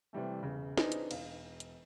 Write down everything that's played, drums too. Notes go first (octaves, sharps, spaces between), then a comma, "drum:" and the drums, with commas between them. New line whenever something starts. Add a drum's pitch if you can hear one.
C3 E3 G3 A3
E1 C#3
B3 C4 D4 D#4 G#4 C5, drum: snare
drum: hi-hat
E1 F5, drum: cymbal
drum: hi-hat